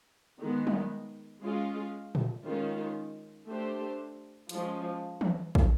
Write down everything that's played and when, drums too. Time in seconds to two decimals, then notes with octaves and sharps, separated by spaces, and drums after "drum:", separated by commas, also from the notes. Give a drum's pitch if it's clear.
0.40 D#3 G#3 B3
0.67 drum: tom F#3
1.42 G#3 C#4 F4
2.15 drum: tom A#2
2.45 D#3 G#3 C#4 F4
3.47 A3 D4 G4 C5
4.49 F3 G#3 C#4, drum: hi-hat
5.21 drum: tom E3
5.55 drum: kick